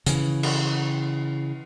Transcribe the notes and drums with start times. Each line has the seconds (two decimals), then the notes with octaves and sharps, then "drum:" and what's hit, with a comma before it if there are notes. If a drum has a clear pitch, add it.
0.06 C#3 E3, drum: hi-hat
0.43 drum: cymbal